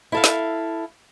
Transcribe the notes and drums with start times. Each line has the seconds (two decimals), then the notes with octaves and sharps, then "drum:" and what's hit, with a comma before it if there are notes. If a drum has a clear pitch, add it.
0.12 E4 A4 F5
0.24 drum: snare